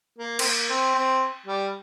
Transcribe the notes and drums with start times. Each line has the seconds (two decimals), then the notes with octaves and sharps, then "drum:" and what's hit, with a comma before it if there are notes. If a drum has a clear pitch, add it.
0.18 A#3
0.39 C4, drum: cymbal
0.44 A#3
0.70 C4
0.95 C4
1.46 G3